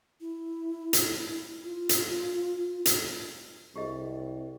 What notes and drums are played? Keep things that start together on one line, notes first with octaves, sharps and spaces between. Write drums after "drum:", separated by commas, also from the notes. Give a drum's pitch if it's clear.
E4
drum: hi-hat
F4
drum: hi-hat
drum: hi-hat
C2 G4 G#4 D#5